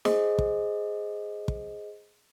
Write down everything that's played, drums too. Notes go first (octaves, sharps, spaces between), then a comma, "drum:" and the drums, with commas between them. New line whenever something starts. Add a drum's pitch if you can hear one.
G#4 C5 D#5, drum: snare
drum: kick
drum: kick